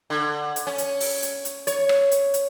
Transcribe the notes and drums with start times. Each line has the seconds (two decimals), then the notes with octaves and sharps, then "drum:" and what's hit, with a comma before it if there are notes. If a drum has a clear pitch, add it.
0.10 D3
0.56 drum: hi-hat
0.67 C#4
0.78 drum: hi-hat
1.00 drum: open hi-hat
1.23 drum: hi-hat
1.45 drum: hi-hat
1.67 C#5, drum: hi-hat
1.89 drum: rim click
2.11 drum: hi-hat
2.34 drum: hi-hat